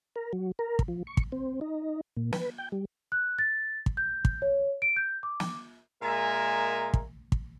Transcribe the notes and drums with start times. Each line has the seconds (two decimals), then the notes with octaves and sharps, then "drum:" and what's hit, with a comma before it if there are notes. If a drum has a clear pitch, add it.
0.16 A#4
0.33 F#3
0.59 A#4
0.79 drum: kick
0.88 F3
1.07 C#6
1.17 drum: kick
1.32 C4
1.61 D#4
2.17 A#2
2.33 B4, drum: snare
2.58 G5
2.72 G3
3.12 F#6
3.39 A6
3.86 drum: kick
3.97 G6
4.25 drum: kick
4.42 C#5
4.82 D7
4.97 G6
5.23 D6
5.40 drum: snare
6.02 A#2 G#3 A#4 E5 G#5 A#5
6.94 drum: kick
7.32 drum: kick